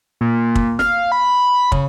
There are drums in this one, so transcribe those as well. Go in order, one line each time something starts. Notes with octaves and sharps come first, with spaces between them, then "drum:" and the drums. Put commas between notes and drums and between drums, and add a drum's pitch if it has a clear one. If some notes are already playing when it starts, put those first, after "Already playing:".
A#2
drum: kick
F5, drum: snare
B5
C#3, drum: kick